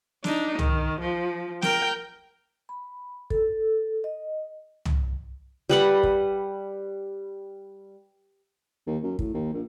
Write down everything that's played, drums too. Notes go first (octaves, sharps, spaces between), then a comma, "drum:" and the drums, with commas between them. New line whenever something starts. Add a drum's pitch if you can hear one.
D4 D#4, drum: snare
D#3, drum: tom
F3
A#4 G5, drum: snare
B5
A4, drum: kick
D#5
drum: tom
G3 B4 F#5
drum: kick
D#2
F#2
A2, drum: kick
D#2
A#1